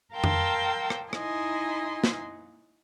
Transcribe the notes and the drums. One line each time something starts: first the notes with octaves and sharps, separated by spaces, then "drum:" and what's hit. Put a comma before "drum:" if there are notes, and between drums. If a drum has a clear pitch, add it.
A#4 F5 G5 A5 C6 E6
drum: tom F2
drum: rim click
D#4 E4 D#5 G#5 C6, drum: rim click
drum: snare